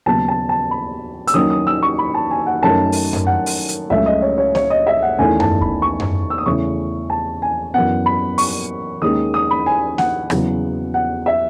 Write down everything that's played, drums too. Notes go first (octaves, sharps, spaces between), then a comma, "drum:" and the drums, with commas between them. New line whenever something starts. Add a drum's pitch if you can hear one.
D#2 C#3 F#3 B3 A5
A5
A5
B5
E6, drum: hi-hat
D#2 D#3 F#3 C#4 D#6
D#6
E6
C#6
B5
A5
G#5
F#5
F#2 D#3 A3 C#4 A5
drum: open hi-hat
drum: tom F#2
F#5
drum: open hi-hat
drum: hi-hat
C#2 C#3 F#3 A3 C#4 E5
D#5
C#5
C#5
C#5, drum: snare A#3
D#5
E5
F#5
E2 D#3 A3 C#4 G#5
A5, drum: tom F#2
B5, drum: kick C2
C#6
drum: tom F#2
E6
D#6
E2 C#3 E3 A3 C#4 C#6
A5
G#5
F#2 E3 B3 F#5
B5
C#6, drum: open hi-hat
D#2 D#3 G#3 C#4 D#6
D#6
B5
G#5
F#5, drum: snare A#3
E2 C#3 F#3 B3, drum: rim click
F#5
E5